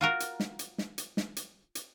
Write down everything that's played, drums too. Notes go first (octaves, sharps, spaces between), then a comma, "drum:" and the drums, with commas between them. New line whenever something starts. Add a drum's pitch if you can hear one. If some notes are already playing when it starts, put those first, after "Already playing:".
F4 F#4 A#4
drum: hi-hat
drum: snare
drum: hi-hat
drum: snare
drum: hi-hat
drum: snare
drum: hi-hat
drum: hi-hat